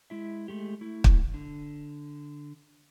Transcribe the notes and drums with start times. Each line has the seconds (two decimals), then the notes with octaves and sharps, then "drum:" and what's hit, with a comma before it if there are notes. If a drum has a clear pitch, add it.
0.10 G#3 E4 E5
0.48 G#3 A3 G4
0.81 A3 E4
1.04 drum: kick
1.34 D3